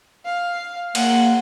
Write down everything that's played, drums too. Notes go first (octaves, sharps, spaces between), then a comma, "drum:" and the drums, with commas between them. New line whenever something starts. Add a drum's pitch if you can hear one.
F5
A#3 F#5, drum: cymbal